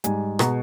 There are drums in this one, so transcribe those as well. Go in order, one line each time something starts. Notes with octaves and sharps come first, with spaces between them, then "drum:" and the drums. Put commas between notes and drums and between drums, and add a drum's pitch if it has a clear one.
G#2 G3 G#5, drum: hi-hat
B2 G#3 A#5, drum: rim click